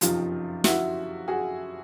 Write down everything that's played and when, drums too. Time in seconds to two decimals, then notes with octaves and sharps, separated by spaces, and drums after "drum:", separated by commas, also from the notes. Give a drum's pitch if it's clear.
0.01 F#1 F2 C3 F3 D#4 F4, drum: hi-hat
0.64 E4 F#4, drum: snare
1.28 F#4 G#4